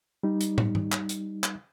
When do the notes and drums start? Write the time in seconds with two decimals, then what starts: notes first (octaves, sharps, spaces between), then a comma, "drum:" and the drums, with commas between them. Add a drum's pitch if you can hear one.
0.23 G3 D#4
0.41 drum: hi-hat
0.58 drum: tom
0.75 drum: tom G#2
0.92 drum: clap
1.09 drum: hi-hat
1.44 drum: clap